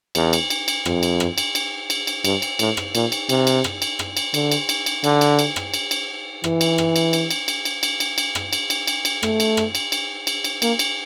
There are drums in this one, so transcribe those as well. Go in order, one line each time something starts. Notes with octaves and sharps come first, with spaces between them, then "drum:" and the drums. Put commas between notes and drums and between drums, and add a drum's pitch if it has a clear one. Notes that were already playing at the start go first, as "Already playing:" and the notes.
E2, drum: cymbal
drum: cymbal
drum: cymbal
drum: cymbal
F2, drum: rim click
drum: cymbal
drum: rim click
drum: cymbal
drum: cymbal
drum: cymbal
drum: cymbal
G2, drum: cymbal
drum: cymbal
A2, drum: cymbal
drum: rim click
A#2, drum: cymbal
drum: cymbal
C3, drum: cymbal
drum: cymbal
drum: rim click
drum: cymbal
drum: rim click
drum: cymbal
D3, drum: cymbal
drum: cymbal
drum: cymbal
drum: cymbal
D3, drum: cymbal
drum: cymbal
drum: cymbal
drum: rim click
drum: cymbal
drum: cymbal
E3, drum: rim click
drum: cymbal
drum: rim click
drum: cymbal
drum: cymbal
drum: cymbal
drum: cymbal
drum: cymbal
drum: cymbal
drum: cymbal
drum: cymbal
drum: rim click
drum: cymbal
drum: cymbal
drum: cymbal
drum: cymbal
A3, drum: rim click
drum: cymbal
drum: rim click
drum: cymbal
drum: cymbal
drum: cymbal
drum: cymbal
A#3, drum: cymbal
drum: cymbal